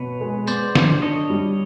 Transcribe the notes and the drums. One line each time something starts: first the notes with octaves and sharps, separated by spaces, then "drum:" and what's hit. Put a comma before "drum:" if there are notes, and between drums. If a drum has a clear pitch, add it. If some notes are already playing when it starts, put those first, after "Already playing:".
Already playing: B2 B4 C#5
G#3
B3 C5 D5, drum: tambourine
D3, drum: snare
D4 C#5 D#5
G3